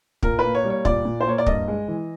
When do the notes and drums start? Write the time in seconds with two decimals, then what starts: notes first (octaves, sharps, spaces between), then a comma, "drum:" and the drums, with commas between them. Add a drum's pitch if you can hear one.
0.23 A#2 A#4, drum: kick
0.39 A#3 B4
0.55 C#5
0.64 G3
0.70 C#5
0.85 A#2 D5, drum: kick
1.05 A#2
1.21 C5
1.27 A#3 C#5
1.38 D5
1.46 G2 D#5, drum: kick
1.68 G#3
1.88 E3